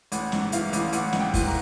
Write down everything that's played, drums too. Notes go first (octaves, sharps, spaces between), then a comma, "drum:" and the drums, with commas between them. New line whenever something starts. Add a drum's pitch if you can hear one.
A1 F#5, drum: hi-hat
G#2, drum: snare
E3 F5, drum: hi-hat
A1, drum: hi-hat
A1 F#5, drum: hi-hat
G#2, drum: snare
G5
E3, drum: kick, open hi-hat
A#5